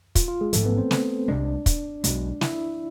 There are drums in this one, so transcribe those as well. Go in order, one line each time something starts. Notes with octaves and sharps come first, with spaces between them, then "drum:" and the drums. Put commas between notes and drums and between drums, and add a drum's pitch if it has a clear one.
F4, drum: kick, hi-hat
F4
G#3 G#4
A1 G#2 F3 G#3 A3 A4, drum: hi-hat
B3 B4
C4 C5
drum: snare
C2 C3 G#3 D4 D5
drum: kick, hi-hat
B1 B2 G#3, drum: hi-hat
E4 E5, drum: snare